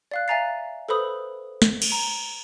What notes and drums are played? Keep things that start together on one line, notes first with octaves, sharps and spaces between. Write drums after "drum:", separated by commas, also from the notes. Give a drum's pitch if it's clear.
D5 F5 F#6
E5 F5 G#5 A#5 A6 C7
A4 B4 C5 B5 D#6
drum: snare
drum: cymbal
A#5